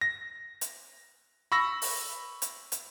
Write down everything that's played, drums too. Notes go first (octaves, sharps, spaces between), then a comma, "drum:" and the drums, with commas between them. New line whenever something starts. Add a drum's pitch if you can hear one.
A#6
drum: hi-hat
B5 C#6 E6 A#6
drum: open hi-hat
drum: hi-hat
drum: hi-hat